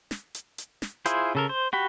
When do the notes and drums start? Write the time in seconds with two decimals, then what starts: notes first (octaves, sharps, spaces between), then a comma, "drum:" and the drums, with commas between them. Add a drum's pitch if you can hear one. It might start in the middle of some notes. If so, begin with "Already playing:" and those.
0.11 drum: snare
0.35 drum: hi-hat
0.58 drum: hi-hat
0.82 drum: snare
1.06 E4 F4 G#4 C5, drum: hi-hat
1.35 C#3 A4 A#4
1.49 C5
1.73 F#4 G4 B5